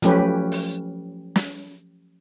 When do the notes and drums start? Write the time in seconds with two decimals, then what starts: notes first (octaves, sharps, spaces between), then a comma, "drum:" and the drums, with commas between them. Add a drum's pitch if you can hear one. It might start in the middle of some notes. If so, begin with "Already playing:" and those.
0.02 F3 F#3 A3 C#4 G4 B4, drum: hi-hat
0.52 drum: open hi-hat
1.36 drum: snare